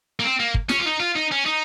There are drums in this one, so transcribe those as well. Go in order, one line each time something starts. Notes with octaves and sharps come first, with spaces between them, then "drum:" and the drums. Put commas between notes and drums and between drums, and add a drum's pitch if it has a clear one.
A#3
C4
A#3
drum: kick
C#4, drum: snare
F4
D#4
F4
D#4
C#4
D#4